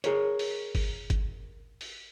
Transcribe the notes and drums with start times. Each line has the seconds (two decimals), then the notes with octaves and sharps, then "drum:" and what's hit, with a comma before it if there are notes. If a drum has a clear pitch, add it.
0.04 G#4 A#4 C#5, drum: hi-hat
0.39 drum: open hi-hat
0.75 drum: kick, open hi-hat
1.10 drum: kick, hi-hat
1.81 drum: open hi-hat